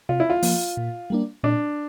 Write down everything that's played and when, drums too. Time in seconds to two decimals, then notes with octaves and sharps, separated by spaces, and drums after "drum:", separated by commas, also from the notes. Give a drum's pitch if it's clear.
0.09 C3 F4
0.20 E4
0.30 F4
0.42 F3 A#3, drum: open hi-hat
0.77 A#2
1.10 G3 A#3 D4
1.43 A#2 D4